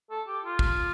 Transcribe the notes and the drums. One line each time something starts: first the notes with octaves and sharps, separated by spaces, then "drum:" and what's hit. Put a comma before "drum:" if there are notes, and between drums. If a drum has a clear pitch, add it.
A4
G4
F4
drum: kick